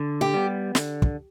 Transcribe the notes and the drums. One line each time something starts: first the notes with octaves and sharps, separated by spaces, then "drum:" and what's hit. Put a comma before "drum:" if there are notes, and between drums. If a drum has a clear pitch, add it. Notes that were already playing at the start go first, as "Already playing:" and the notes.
Already playing: D3
G4
G3 B3
D3, drum: snare
drum: kick